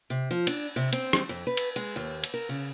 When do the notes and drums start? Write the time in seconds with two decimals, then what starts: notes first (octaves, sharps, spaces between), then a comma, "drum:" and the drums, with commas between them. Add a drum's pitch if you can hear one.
0.10 C3
0.31 F3
0.47 D4, drum: cymbal
0.76 C3
0.93 C4, drum: cymbal
1.13 drum: rim click
1.29 F2
1.47 B4
1.57 drum: cymbal
1.76 G#3
1.96 D#2
2.24 drum: cymbal
2.34 A#4
2.49 C#3